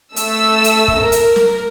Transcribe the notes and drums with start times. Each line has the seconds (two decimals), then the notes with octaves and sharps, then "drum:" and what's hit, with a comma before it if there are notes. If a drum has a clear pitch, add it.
0.16 A3 E6, drum: hi-hat
0.64 drum: hi-hat
0.88 drum: kick
0.98 A#4
1.12 drum: hi-hat
1.36 drum: snare